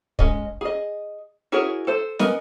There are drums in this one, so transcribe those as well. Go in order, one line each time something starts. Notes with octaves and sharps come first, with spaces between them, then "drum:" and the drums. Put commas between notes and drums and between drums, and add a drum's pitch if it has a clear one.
G#3 C#4 D#5, drum: kick
G#4 D#5
E4 F#4 G#4 A#4 C#5
A4 C5
B3 A#4 D#5 G#5, drum: snare